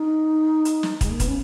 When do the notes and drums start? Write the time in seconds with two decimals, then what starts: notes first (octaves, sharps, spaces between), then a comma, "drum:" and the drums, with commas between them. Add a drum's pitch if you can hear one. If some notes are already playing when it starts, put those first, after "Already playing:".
Already playing: D#4
0.65 drum: hi-hat
0.83 drum: snare
1.01 G#3, drum: kick, hi-hat
1.10 A#3
1.20 B3, drum: kick, hi-hat
1.28 C#4